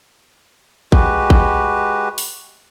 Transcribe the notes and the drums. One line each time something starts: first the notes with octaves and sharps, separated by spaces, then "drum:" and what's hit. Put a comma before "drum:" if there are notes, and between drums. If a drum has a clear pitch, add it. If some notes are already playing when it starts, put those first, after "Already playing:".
G#3 F#4 G4 B4, drum: kick A1
drum: kick A1
drum: open hi-hat